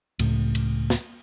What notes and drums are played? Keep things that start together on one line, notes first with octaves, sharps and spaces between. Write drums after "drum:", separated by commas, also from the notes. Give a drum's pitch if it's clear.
C#2 A2, drum: cymbal
drum: cymbal
drum: snare